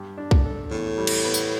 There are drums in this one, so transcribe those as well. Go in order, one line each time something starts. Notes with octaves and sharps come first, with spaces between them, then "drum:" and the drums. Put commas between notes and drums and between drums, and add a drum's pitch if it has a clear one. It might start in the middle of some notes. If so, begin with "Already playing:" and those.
Already playing: G2 G4
D4
drum: kick B1
A4
E2 A2
G3
drum: cymbal
B3
drum: tambourine